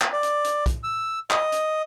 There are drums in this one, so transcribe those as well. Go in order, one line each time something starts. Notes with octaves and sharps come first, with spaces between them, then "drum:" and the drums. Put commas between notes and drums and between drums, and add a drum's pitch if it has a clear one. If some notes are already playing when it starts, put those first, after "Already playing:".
drum: clap
D5
drum: hi-hat
drum: hi-hat
drum: kick, hi-hat
E6
D#5, drum: clap
drum: hi-hat